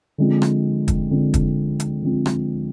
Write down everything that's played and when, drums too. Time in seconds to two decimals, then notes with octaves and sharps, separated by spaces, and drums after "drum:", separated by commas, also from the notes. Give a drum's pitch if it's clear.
0.18 D3 F3 G#3 C4
0.42 drum: rim click
0.88 drum: kick, hi-hat
1.10 D3 F3 G#3 C4
1.34 drum: kick, hi-hat
1.80 drum: hi-hat
2.02 D3 F3 G#3 C4
2.26 drum: rim click